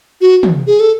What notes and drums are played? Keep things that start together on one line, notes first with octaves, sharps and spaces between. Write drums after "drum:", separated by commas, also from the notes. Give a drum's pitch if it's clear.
F#4
drum: tom
G#4
A4